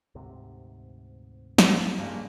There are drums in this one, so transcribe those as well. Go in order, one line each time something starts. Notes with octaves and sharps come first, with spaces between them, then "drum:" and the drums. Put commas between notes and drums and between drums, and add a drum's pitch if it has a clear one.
D2 G#2 C3
drum: snare
F#1 G2 A#3